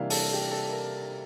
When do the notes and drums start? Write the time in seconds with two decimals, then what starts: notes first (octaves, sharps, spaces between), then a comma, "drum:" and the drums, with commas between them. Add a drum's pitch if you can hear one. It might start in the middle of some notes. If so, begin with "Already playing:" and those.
Already playing: C3 E3 G3 A#3 D4 E5 F5
0.10 A4, drum: open hi-hat
0.33 G4
0.51 A4
0.69 A#4